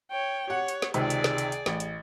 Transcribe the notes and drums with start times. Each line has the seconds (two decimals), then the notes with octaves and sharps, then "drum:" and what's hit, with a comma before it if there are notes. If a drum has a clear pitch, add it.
0.11 C#5 G5
0.47 G4 C#5 F#5
0.68 drum: hi-hat
0.82 drum: snare
0.94 C#2 C3 D#3 G#4 D5, drum: hi-hat
1.10 drum: hi-hat
1.24 drum: snare
1.38 drum: hi-hat
1.52 drum: hi-hat
1.66 A1, drum: snare
1.80 drum: hi-hat